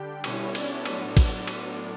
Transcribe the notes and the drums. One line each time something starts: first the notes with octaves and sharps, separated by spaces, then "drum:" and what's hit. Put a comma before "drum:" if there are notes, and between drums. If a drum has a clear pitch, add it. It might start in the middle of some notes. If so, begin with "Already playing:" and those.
Already playing: D3 G3 D4 G4 G5
B2 G3 B3 C#4 E4 C#5, drum: cymbal
D4 D5, drum: cymbal
A2 F#3 B3 D4, drum: cymbal
drum: kick, cymbal
drum: cymbal